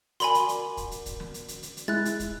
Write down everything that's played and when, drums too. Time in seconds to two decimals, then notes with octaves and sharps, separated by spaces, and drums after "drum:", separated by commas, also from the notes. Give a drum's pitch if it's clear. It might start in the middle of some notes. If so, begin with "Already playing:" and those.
0.20 F#4 A#4 D5 G#5 B5 C6, drum: hi-hat
0.34 drum: hi-hat
0.49 drum: hi-hat
0.77 drum: kick, hi-hat
0.91 drum: hi-hat
1.06 drum: kick, hi-hat
1.20 drum: snare
1.34 drum: hi-hat
1.48 drum: hi-hat
1.63 drum: hi-hat
1.77 drum: hi-hat
1.88 G#3 E4 F#6 A6
2.05 drum: hi-hat
2.20 drum: kick, hi-hat